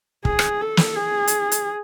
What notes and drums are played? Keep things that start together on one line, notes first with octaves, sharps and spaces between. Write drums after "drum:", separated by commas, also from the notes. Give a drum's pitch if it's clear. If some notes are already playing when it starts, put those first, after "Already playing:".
G#4, drum: kick
drum: rim click
A4
drum: snare
G#4
drum: hi-hat
drum: hi-hat